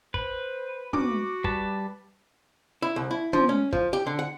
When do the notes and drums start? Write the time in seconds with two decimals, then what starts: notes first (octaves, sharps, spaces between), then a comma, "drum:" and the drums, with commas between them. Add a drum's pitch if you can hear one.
0.14 B4 C5, drum: kick
0.93 F#4 D6, drum: tom
1.44 G3 B4 A5, drum: kick
2.82 E4
2.96 C2
3.11 E4
3.33 F3, drum: tom
3.49 C#4
3.73 F3, drum: kick
3.93 G4
4.07 D3
4.19 F#5